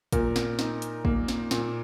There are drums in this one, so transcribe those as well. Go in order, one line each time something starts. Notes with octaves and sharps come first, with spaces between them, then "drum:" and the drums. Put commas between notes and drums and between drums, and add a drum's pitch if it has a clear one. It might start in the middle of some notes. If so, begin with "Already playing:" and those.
A#2 A#4, drum: kick, hi-hat
drum: snare
D#4, drum: snare
drum: hi-hat
A#3, drum: kick
drum: snare
A#2, drum: snare